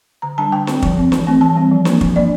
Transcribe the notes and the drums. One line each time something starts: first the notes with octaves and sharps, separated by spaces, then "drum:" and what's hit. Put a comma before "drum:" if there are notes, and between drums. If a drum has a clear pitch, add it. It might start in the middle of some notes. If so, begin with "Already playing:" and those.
D3 A#5
G3 D4 A5
D3 G5
G3 C4, drum: snare
F3, drum: kick
C4
E3, drum: snare
A3 C4
E3 A5
G3 C4
F3
A#3 D4, drum: snare
F3, drum: kick
A#3 D4 D5